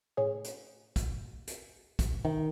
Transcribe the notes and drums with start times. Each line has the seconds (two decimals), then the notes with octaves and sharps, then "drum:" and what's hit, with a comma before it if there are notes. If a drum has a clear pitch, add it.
0.17 A2 C#4 G#4
0.44 drum: hi-hat
0.96 drum: kick, hi-hat
1.47 drum: hi-hat
1.99 drum: kick, hi-hat
2.25 C3 D#3